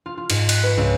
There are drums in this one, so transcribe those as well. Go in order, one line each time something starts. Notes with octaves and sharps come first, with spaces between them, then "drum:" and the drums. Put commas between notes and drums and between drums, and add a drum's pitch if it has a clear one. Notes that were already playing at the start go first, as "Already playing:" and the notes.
F4
F4
G#2, drum: cymbal
F#6, drum: cymbal
B4
C#2